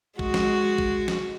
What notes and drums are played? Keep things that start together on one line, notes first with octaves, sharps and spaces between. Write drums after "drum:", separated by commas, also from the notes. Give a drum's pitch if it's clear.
G#3 F#4, drum: kick
drum: snare
drum: kick
drum: snare